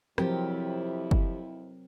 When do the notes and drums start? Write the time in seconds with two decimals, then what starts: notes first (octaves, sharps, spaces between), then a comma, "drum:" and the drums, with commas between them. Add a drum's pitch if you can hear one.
0.18 F2 F3 F#3 C4 E4 G4 A#4, drum: rim click
1.11 drum: kick F#1